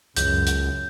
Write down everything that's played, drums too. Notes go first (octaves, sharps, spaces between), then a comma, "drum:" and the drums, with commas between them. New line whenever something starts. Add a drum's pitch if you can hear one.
C#2 F#2 G6, drum: hi-hat
drum: hi-hat